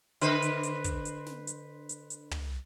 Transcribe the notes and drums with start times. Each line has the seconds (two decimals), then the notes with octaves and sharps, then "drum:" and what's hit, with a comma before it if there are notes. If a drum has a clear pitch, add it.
0.21 D3 B4 C5, drum: hi-hat
0.42 drum: hi-hat
0.63 drum: hi-hat
0.84 drum: kick, hi-hat
1.05 drum: hi-hat
1.26 drum: snare
1.47 drum: hi-hat
1.89 drum: hi-hat
2.10 drum: hi-hat
2.31 drum: tom